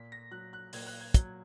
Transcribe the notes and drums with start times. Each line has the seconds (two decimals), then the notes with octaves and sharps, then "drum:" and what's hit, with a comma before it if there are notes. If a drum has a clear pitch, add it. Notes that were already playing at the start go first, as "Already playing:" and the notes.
Already playing: A#2 B6
0.12 A#6
0.31 F#3 F#6
0.53 F#6
0.73 A#2 G#6, drum: open hi-hat
0.86 F#6
1.01 G#6
1.14 F#3, drum: kick, hi-hat